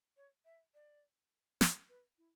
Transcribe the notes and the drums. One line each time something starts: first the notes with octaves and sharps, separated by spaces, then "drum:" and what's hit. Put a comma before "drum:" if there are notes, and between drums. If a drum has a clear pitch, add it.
C#5
E5
D5
C#5, drum: snare
B4
E4